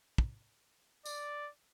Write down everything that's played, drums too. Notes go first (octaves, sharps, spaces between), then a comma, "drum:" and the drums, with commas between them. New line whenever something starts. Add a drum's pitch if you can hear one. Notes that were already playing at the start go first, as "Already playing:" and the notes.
drum: kick
D5, drum: tambourine